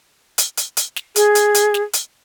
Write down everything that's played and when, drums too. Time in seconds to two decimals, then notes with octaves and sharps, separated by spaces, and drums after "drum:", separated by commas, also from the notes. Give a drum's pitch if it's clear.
0.38 drum: hi-hat
0.57 drum: hi-hat
0.77 drum: hi-hat
0.96 drum: snare
1.16 G#4, drum: hi-hat
1.35 drum: hi-hat
1.55 drum: hi-hat
1.74 drum: snare
1.94 drum: hi-hat